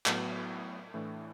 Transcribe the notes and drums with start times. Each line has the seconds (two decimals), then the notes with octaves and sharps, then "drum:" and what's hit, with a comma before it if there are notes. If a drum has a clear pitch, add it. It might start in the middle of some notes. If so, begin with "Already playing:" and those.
0.06 A2 F#3 B3, drum: clap
0.94 A2 E3 A3 D4